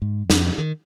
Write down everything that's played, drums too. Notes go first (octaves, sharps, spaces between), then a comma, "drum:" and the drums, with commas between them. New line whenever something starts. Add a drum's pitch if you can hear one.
G#2
F2, drum: snare
D#3